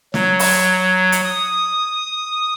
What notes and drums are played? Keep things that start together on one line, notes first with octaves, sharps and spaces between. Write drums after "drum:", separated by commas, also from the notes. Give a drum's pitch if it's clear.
F#3, drum: snare
drum: open hi-hat
drum: hi-hat
D#6